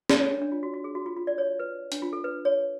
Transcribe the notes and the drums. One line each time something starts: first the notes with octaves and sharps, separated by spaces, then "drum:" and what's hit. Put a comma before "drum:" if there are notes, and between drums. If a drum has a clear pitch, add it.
D5, drum: snare C#4
C#5
D4
D4
F4
F#4
F#4
G#4
F#4
F4
F4
D5
C#5
B4
D4, drum: hi-hat
F4
A4
B4
C#5